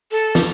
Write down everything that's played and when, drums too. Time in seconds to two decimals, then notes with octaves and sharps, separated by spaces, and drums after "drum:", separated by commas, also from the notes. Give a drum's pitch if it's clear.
0.12 A4
0.35 drum: snare